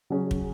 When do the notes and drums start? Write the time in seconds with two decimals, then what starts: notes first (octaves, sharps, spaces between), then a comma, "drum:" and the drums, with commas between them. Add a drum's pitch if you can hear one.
0.10 C#3 F#3 C#4 G#4
0.31 drum: kick